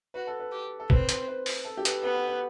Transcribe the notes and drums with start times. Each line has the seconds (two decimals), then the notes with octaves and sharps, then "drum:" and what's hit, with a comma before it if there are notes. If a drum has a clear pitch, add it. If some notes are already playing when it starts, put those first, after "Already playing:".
0.14 F#4 B4
0.27 A4
0.40 B4
0.52 G4
0.80 A4
0.90 C4 B4, drum: kick
1.09 C5, drum: hi-hat
1.28 B4
1.46 drum: open hi-hat
1.65 A4
1.77 G4
1.85 B4, drum: hi-hat
1.90 A4
2.03 B3 B4
2.15 B4
2.28 B4